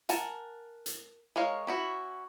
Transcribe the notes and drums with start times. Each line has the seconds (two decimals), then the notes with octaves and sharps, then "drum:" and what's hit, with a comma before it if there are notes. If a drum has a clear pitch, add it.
0.09 A#4 F#5 G#5 A5, drum: hi-hat
0.86 drum: hi-hat
1.36 G#3 A#4 C#5 F5
1.67 C#4 E4 F#4